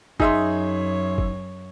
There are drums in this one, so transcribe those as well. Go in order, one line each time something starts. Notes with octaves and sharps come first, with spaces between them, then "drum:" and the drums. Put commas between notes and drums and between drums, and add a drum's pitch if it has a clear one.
F#2 D#4 G#4 C#5 E5 C6, drum: kick F#1
drum: kick F#1